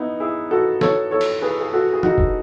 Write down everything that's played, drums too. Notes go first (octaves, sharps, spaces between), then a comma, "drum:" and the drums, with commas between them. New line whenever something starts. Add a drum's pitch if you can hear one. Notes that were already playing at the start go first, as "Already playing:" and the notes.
Already playing: B3 D#4 E4
E4 G#4
F#4 A4
A4 C#5, drum: snare
A4 C#5
drum: cymbal
G#4 B4
G#4
F#4 A4
G#4
D#4 F#4, drum: tom
drum: kick F1